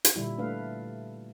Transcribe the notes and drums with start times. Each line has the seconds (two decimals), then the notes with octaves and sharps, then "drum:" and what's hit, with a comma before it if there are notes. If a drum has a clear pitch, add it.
0.05 drum: hi-hat
0.16 A#2 D3 G3 E4
0.38 A3 D4 B4 F5